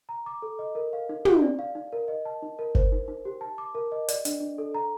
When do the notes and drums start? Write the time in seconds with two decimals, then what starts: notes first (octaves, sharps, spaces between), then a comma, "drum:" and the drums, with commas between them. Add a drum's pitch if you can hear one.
0.09 A#5
0.26 D6
0.42 A4
0.59 D#5
0.75 A#4
0.93 F5
1.09 D#4
1.25 G4, drum: tom
1.42 D5
1.59 F5
1.75 D#4
1.92 A#4
2.08 D#5
2.25 A5
2.42 D#4
2.59 A#4
2.75 C5, drum: kick F#1
2.92 D#4
3.08 D#4
3.25 G4
3.41 A5
3.58 D6
3.75 A#4
3.92 D#5
4.08 D5, drum: hi-hat
4.25 D4, drum: hi-hat
4.40 D4
4.58 A4
4.75 A#5